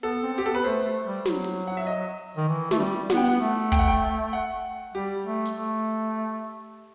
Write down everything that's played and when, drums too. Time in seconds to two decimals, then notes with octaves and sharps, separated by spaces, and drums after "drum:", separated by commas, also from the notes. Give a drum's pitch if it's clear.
0.03 B3 A4
0.23 C4
0.33 C4 G4
0.44 B3 A4
0.55 B4
0.64 A3 C5
0.85 A3
1.06 G3
1.25 F#3, drum: snare
1.44 drum: open hi-hat
1.67 F#5
1.77 E5
1.87 D#5
2.37 D#3
2.48 E3
2.71 A3, drum: snare
2.80 G3
3.10 B3 F#5, drum: snare
3.17 G5
3.24 F#5
3.30 B3
3.41 A3
3.72 G5, drum: kick
3.79 F#5
3.88 G5
4.33 F#5
4.94 G3 G4
5.25 A3
5.45 drum: hi-hat
5.56 A3